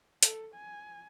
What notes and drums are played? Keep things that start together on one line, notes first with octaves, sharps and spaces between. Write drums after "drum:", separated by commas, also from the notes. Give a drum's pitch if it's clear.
A4, drum: hi-hat
G#5